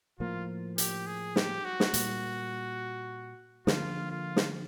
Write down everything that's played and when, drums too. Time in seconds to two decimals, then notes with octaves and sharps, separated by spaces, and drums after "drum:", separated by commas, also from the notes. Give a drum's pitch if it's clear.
0.20 A2 F3 A#3 F4
0.78 G4, drum: hi-hat
1.07 G#4
1.36 G4, drum: snare
1.65 F#4
1.80 drum: snare
1.94 A#2 G3 A#3, drum: hi-hat
3.67 D3 F3 A#3 F4, drum: snare
4.11 F4
4.36 drum: snare